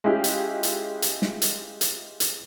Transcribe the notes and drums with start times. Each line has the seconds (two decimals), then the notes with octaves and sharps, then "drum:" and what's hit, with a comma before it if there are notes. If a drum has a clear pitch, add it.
0.04 G#3 C#4 E4 F4 G4
0.24 drum: hi-hat
0.63 drum: hi-hat
1.02 drum: hi-hat
1.22 drum: snare
1.42 drum: hi-hat
1.81 drum: hi-hat
2.20 drum: hi-hat